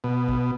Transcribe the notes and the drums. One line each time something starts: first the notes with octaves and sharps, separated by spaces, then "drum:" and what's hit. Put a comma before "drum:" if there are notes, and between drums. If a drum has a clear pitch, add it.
B2
drum: kick G#1